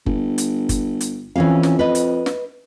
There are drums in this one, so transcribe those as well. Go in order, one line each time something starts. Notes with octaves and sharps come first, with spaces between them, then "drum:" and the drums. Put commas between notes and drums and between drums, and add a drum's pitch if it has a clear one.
G1, drum: kick F#1
drum: hi-hat
drum: kick F#1, hi-hat
drum: hi-hat
F2 E3 C#4 F5
drum: snare
B4 D#5
drum: hi-hat
drum: snare